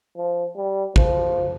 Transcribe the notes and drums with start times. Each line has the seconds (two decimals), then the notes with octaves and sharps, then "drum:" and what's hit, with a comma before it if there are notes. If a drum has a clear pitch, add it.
0.17 F3
0.56 G3
0.96 F3, drum: kick